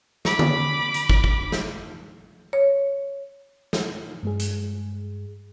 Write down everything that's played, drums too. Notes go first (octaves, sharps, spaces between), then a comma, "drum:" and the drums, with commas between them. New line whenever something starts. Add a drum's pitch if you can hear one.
B5 D6, drum: snare
drum: tom D3
drum: hi-hat
drum: kick
drum: kick
drum: snare
C#5
drum: snare
G2 G#3 G#4
drum: hi-hat